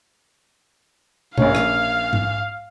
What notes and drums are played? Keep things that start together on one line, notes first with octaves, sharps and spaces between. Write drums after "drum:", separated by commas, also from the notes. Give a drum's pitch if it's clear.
A#1 C#4 C#5 F5, drum: tom B2
drum: rim click
drum: tom G#2